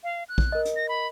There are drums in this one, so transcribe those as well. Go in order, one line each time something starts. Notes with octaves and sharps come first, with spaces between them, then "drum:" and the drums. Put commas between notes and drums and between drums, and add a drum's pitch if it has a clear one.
F5
F#6
drum: kick A#1
A#4 D#5
drum: hi-hat
A#6
B5